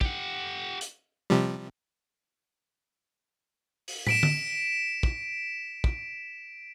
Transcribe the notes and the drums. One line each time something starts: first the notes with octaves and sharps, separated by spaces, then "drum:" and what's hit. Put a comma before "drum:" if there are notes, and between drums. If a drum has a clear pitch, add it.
G4 F#5, drum: kick
drum: hi-hat
C3 F3 G3
drum: open hi-hat
B6 D7 E7, drum: tom
drum: tom D3
drum: kick
drum: kick